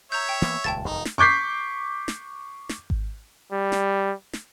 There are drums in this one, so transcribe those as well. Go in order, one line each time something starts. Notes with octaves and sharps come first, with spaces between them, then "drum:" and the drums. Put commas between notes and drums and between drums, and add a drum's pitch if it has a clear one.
C#5 E5 A#5 G6
G5
E3 A#3 B3, drum: snare
D#1 C#2 G5 A5 A6
D#1 B1 D#3 D#4
drum: snare
C#6 D6 G6 B6 C7
drum: snare
drum: snare
drum: kick G#1
G3
drum: snare
drum: snare